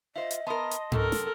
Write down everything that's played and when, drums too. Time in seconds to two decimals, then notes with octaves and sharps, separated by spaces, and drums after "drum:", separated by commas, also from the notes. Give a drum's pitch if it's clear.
0.16 F4 C5 D#5 E5
0.31 drum: hi-hat
0.47 B3 A#4 A5 C6 D#6
0.71 drum: hi-hat
0.92 F#2 C3 A4 A#4, drum: tom G#2
1.12 drum: snare